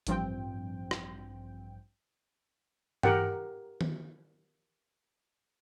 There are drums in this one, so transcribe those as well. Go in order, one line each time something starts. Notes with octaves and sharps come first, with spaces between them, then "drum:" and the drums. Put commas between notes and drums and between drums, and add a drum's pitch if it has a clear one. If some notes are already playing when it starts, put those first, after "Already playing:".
A1 G2 F3 C4 G5, drum: hi-hat
drum: rim click
G4 A#4 F#5 G5, drum: tom G2
drum: tom D#3